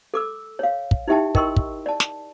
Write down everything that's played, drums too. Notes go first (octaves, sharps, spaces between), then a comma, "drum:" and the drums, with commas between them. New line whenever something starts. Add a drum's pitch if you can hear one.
A4 D6 E6
C#5 F5
drum: kick
D#4 E4 G4 E5 G5 A5
A#4 D#5 G5 C6 C#6 E6, drum: kick
drum: kick
D5 A5
drum: snare